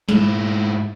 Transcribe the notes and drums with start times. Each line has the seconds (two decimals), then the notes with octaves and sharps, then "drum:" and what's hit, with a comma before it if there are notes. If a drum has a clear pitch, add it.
0.09 G#2 E4, drum: snare